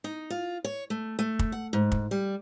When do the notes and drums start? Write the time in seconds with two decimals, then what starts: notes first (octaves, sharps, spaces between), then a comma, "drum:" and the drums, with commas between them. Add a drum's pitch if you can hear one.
0.04 D#4
0.30 F4
0.64 C#5
0.90 A3
1.19 A3
1.39 drum: kick
1.52 F#5
1.73 G#2
1.92 drum: kick
2.11 G3